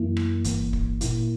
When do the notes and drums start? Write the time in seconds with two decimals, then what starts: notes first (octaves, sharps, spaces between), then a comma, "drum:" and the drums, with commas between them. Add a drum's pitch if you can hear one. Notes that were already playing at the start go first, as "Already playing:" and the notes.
Already playing: F#2 E3 A#3 E4
0.17 drum: rim click
0.44 G1 G2 E3 A#3, drum: hi-hat
0.73 drum: kick
1.01 A#2 A#3 E4, drum: hi-hat